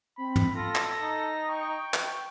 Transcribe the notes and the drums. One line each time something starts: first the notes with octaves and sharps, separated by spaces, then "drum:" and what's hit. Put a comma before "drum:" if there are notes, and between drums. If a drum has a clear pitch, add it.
C4 B5
drum: tom
F4 A4 A#6
drum: clap
D#4
G5 C#6
drum: clap